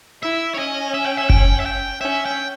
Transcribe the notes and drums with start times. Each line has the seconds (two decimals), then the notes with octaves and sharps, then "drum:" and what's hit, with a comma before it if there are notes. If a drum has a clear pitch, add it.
0.22 E4 E5
0.54 C#5
0.59 C#4 D#5
0.94 E5
1.06 G5
1.18 E5
1.30 G5, drum: kick F#1
1.60 E5
1.66 G5
2.01 C#4 E5
2.25 G5